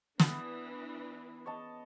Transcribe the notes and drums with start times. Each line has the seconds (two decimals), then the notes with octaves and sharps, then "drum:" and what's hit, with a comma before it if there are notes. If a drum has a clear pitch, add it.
0.19 E3 B3 D4, drum: snare
1.46 C#5 D#5 A5